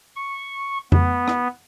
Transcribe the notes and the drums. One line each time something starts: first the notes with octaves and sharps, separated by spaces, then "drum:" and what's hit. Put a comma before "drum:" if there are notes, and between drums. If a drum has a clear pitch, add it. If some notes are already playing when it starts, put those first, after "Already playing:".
C#6
B3, drum: tom F2
drum: rim click